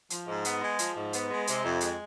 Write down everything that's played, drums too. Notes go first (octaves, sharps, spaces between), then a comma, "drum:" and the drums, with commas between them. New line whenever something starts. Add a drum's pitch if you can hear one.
F3, drum: hi-hat
G#2
B3, drum: hi-hat
G#3
F3, drum: hi-hat
G#2
B3, drum: hi-hat
G#3
C3, drum: hi-hat
F2
G#3, drum: hi-hat